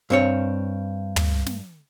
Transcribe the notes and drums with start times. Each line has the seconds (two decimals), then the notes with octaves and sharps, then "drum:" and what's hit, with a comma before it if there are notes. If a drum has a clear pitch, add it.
0.10 G2 C4 C#5
1.16 drum: tom
1.46 drum: snare